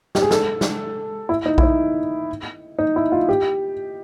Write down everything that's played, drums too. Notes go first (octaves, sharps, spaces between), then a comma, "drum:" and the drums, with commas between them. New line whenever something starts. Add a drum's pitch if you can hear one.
G4, drum: snare
G#4
A4, drum: snare
drum: snare
E4
D#4
E4, drum: kick A#1
D#4
D#4
E4
F4
G4